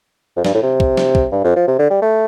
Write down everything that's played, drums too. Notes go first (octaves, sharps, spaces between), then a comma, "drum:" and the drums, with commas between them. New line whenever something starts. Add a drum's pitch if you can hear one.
F2
G2, drum: snare
A2
C3
drum: kick
drum: snare
drum: kick
G2
F2
F3
C3
D3
G3
A3